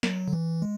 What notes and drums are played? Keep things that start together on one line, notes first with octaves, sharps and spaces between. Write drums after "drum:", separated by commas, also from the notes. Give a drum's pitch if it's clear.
F#3, drum: snare
D3
E3
G#3